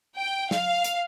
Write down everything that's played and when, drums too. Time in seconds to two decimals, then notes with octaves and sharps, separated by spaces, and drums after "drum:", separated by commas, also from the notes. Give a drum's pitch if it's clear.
0.17 G5
0.51 F5, drum: snare
0.84 drum: hi-hat